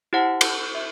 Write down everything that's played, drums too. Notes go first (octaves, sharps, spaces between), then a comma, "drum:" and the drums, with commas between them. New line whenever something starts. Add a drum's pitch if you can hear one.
E4 G4 C5 F#5 A5
drum: cymbal
E5